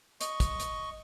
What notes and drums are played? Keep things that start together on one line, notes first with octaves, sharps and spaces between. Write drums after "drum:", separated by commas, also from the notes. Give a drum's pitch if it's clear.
D#5 C#6, drum: hi-hat
drum: kick, hi-hat
drum: hi-hat